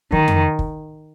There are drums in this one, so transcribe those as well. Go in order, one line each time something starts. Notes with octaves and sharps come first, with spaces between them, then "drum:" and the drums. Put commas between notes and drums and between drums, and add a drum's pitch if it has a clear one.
D#3, drum: kick
drum: tom F2
drum: kick